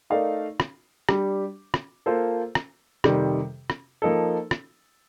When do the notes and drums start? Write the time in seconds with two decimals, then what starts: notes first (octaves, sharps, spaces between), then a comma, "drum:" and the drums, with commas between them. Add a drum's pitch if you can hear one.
0.10 A3 D#4 A#4 D5 F5
0.60 drum: rim click
1.09 G3 D4 G4, drum: rim click
1.74 drum: rim click
2.06 A#3 F4 A4 C5
2.55 drum: rim click
3.04 F2 C3 D#3 G3, drum: rim click
3.70 drum: rim click
4.02 F3 A#3 D#4 A4
4.51 drum: rim click